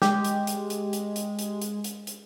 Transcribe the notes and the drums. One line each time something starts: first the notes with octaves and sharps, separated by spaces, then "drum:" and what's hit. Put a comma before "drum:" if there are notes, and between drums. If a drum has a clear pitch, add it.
G#3 G4, drum: snare
drum: hi-hat
drum: hi-hat
drum: hi-hat
drum: hi-hat
drum: hi-hat
drum: hi-hat
drum: hi-hat
drum: hi-hat
drum: hi-hat